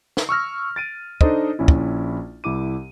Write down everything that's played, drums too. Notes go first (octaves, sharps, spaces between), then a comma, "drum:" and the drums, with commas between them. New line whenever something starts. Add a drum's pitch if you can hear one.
drum: snare
C#6 E6 F6 A#6
A6 D7 D#7
D4 D#4 A4 C5 D#5, drum: kick
A#1 C#4 E4
drum: kick
C2 E4 D6 D#7